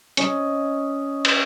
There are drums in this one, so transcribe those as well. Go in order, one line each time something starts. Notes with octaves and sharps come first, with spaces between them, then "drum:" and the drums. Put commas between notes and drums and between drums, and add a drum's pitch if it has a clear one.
C#4 D#5, drum: hi-hat
drum: cymbal